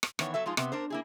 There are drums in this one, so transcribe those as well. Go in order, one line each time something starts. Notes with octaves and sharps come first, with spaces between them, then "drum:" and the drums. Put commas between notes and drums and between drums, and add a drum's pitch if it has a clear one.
drum: rim click
D#3 E3 B3 C#5, drum: rim click
F#3 A4 E5
F3 G#3 D#4 F4
C3 B3, drum: rim click
D4 A#4 C5
A#3 E4 G#4